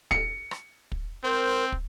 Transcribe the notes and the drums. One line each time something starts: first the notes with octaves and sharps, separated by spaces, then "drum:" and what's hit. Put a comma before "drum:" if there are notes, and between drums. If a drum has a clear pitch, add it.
C#7, drum: kick
drum: rim click
drum: kick
C4 A#4 C5
drum: kick